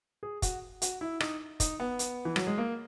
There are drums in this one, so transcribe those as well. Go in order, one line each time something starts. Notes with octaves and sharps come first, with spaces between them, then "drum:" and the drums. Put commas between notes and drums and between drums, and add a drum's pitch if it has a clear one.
G#4
F#4, drum: kick, hi-hat
F#4, drum: hi-hat
E4
D#4, drum: rim click
D#4, drum: kick, hi-hat
B3
drum: hi-hat
E3
F#3, drum: rim click
G#3
A#3